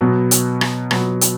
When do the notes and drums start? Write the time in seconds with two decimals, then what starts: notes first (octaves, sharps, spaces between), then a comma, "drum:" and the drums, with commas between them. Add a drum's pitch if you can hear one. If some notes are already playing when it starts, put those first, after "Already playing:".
0.01 B2 F#3 B3
0.31 drum: hi-hat
0.61 drum: rim click
0.91 B2 F#3 B3, drum: rim click
1.21 drum: hi-hat